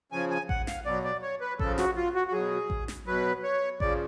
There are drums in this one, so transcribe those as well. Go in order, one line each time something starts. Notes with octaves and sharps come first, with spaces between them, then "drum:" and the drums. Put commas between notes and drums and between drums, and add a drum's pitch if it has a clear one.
C#3 F3 G#5
G#5
F#5, drum: kick A1
F5, drum: snare
B2 F#3 D5
D5
C#5
B4
C#3 F3 A4, drum: kick A1
F#4, drum: snare
F4
F#4
F#4
B2 F#3 G#4
drum: kick A1
drum: snare
B2 F#3 B4
C#5
C#3 F3 D5, drum: kick A1